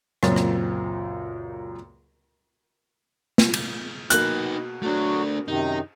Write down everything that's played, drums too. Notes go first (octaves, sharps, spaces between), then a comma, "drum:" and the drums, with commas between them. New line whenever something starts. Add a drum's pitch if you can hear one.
C#2 F#2 A#2 C4 A6, drum: rim click
drum: rim click
drum: snare
drum: cymbal
B2 A#3 D#4 B4 F#6, drum: hi-hat
F#3 A3 D4 F#4
F#2 C3 D#3 D#4